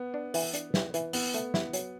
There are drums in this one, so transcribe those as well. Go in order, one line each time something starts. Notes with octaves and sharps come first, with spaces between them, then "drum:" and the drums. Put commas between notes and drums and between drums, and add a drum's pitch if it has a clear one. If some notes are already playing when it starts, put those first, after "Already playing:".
Already playing: B3
D4
E3, drum: open hi-hat
D4, drum: hi-hat
E3, drum: snare
E3, drum: hi-hat
B3 E4, drum: open hi-hat
A3, drum: hi-hat
E4, drum: snare
F#3, drum: hi-hat